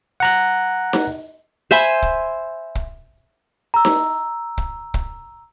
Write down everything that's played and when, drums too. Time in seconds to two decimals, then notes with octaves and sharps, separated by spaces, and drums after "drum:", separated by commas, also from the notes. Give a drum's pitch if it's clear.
0.20 F#5 A#5 F#6
0.93 drum: snare D#4
1.71 C5 E5 G#5 B5
2.02 drum: kick
2.75 drum: kick
3.74 A#5 E6
3.85 drum: snare D#4
4.58 drum: kick
4.94 drum: kick